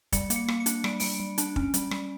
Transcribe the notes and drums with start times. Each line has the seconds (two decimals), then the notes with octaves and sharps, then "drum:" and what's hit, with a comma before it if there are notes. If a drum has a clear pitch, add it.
0.12 G3 C#7, drum: kick, hi-hat
0.30 A#3, drum: hi-hat
0.36 C#7
0.48 A#3, drum: rim click
0.60 C#7
0.66 D4, drum: hi-hat
0.84 G3 D7, drum: rim click
1.00 G3 D7, drum: open hi-hat
1.20 G3
1.38 D4, drum: hi-hat
1.56 C#4, drum: kick
1.74 G3, drum: hi-hat
1.91 G3, drum: rim click